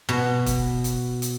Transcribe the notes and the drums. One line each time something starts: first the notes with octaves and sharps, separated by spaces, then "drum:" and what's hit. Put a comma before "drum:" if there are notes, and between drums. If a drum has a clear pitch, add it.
B2
drum: kick, hi-hat
drum: hi-hat
drum: hi-hat